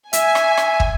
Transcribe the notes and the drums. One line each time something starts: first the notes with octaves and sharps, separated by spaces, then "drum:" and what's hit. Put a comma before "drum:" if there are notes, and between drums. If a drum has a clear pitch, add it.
E5 G#5, drum: hi-hat
drum: rim click
drum: rim click
drum: kick